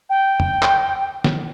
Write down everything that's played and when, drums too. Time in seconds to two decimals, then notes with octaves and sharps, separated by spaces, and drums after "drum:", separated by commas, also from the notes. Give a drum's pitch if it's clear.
0.10 G5
0.40 drum: tom F2
0.62 drum: clap
1.24 drum: snare